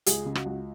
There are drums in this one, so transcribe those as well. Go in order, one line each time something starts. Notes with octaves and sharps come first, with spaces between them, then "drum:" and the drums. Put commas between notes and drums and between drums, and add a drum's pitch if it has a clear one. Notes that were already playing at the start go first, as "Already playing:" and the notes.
C#2 G#4, drum: hi-hat
C#3
F#4, drum: rim click
C#2